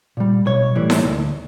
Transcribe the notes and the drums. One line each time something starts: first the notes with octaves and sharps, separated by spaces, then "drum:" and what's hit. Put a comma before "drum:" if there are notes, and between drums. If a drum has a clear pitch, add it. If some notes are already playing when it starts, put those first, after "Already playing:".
A#2 G3
B1 C#5
A2 E3 G3
drum: snare D#4
D2